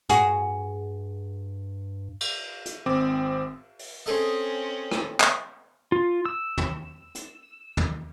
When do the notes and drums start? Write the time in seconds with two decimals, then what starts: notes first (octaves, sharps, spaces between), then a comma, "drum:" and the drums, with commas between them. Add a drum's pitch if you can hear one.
0.09 G2 F#4 G#4, drum: hi-hat
2.21 drum: cymbal
2.66 drum: hi-hat
2.86 G#1 C4 D6
3.79 drum: open hi-hat
4.06 C4 C#4 G#4 A4 D#5
4.91 drum: rim click
5.20 drum: clap
5.92 F4
6.25 E6
6.58 drum: tom
7.15 drum: hi-hat
7.77 drum: tom